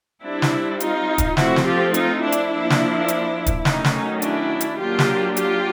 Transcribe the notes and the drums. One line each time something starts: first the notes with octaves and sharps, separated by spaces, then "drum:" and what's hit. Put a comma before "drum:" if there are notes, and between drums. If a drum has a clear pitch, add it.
G3 C4 D4 E4
drum: snare
D#4 F4, drum: hi-hat
drum: kick, hi-hat
F3 A3 C4 E4 F#4, drum: snare
drum: snare
F4 G4
D#4 F4, drum: hi-hat
D4 E4
drum: hi-hat
F3 A#3 D4
drum: snare
drum: hi-hat
drum: kick, hi-hat
D#3 F#3 A3 C#4 D#4, drum: snare
drum: snare
D#4
D4 E4, drum: hi-hat
drum: hi-hat
F#3 A#3 D4 F4 G4
drum: snare
F4 G4, drum: hi-hat